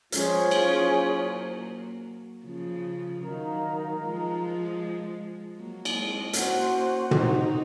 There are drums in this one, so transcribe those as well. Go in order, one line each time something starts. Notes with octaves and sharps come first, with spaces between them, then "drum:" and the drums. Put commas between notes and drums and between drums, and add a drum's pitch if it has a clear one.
F3 G#3 C#4 F4 G#4 C5, drum: hi-hat
F#3 A#3, drum: cymbal
C#3 F3
D#3 F#3 D#4 A#4 F5 A#5
F3 G#3
F#3 A#3
drum: cymbal
G#3 C4
A#3 C#4 F#4 C5 F#5, drum: hi-hat
C4 D#4, drum: tom